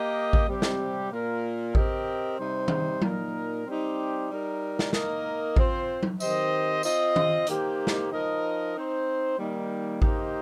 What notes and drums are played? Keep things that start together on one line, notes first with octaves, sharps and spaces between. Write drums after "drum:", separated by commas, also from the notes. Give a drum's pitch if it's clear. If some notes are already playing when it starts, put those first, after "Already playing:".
Already playing: A#3 G4 A#4 D#5
drum: kick A1
C3 G3 C4 G4
drum: snare
A#2 A#3 F4 A#4
C4 G4 A#4 D#5, drum: kick A1
C3 G3 D#4 C5
drum: tom D#3
A#2 A#3 D#4 A#4, drum: tom F#3
G3 C4 D#4 G4 C5
G3 D#4 A#4
drum: snare
A#3 D#4 A#4 D#5, drum: snare
C4 F4 C5, drum: kick A1
drum: tom F#3
D#3 C4 G4 C5 D#5, drum: tambourine
C4 F4 D#5, drum: tambourine
drum: tom D#3
A#3 D#4 G4 C5, drum: hi-hat
drum: snare
F3 D#4 A#4 D#5
C4 D#4 C5
D#3 G3 A#3 D#4
A#3 D#4 G4 C5 D#5, drum: kick A1